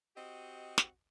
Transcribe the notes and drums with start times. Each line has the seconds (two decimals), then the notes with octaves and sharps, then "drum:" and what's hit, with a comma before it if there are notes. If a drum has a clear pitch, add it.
0.16 C4 F#4 G4 D#5
0.78 drum: snare